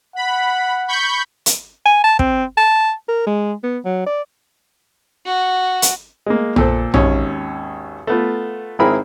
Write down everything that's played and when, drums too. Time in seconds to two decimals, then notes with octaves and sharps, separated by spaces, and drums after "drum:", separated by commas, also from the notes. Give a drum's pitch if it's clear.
0.16 F#5 B5
0.88 B5 C#6 G6
1.46 drum: hi-hat
1.86 G#5
2.04 A5
2.19 C4, drum: kick
2.57 A5
3.09 A#4
3.27 G#3
3.64 B3
3.85 F#3
4.06 D5
5.25 F#4
5.82 drum: hi-hat
6.26 G#3 A#3
6.56 A#2 A4 C5, drum: tom A#1
6.94 G#1 D#2 C#4, drum: tom A#1
8.07 A3 B3 F4
8.79 G#1 C4 E4 G#4 A#4 B5